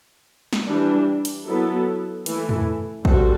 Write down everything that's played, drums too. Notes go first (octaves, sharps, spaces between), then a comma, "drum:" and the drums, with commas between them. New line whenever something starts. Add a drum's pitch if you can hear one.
drum: snare
E3 G3 D4
drum: hi-hat
F#3 B3 E4 A4
E3 A3 E4 A4, drum: hi-hat
drum: tom
G3 C4 F#4 A4, drum: kick